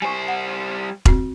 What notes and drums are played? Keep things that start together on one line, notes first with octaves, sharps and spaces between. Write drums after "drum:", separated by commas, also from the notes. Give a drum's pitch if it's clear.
G3 C5 G#5 C#6
F#5
C4 F#4, drum: kick E1